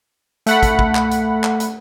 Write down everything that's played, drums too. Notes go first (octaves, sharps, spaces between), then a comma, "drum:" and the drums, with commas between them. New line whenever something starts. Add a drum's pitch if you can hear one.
A3 F#5 B5, drum: hi-hat
drum: kick, hi-hat
drum: kick
drum: clap
drum: hi-hat
drum: clap
drum: hi-hat